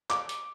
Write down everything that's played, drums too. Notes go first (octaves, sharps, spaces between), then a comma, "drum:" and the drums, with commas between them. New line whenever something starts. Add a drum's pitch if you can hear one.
D6, drum: clap
drum: hi-hat